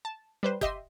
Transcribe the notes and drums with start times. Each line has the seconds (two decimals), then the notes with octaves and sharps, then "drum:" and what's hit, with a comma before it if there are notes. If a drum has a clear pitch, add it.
0.05 A5
0.43 G3 B4 C5
0.61 G4 D#5 E5 C6, drum: kick F#1, hi-hat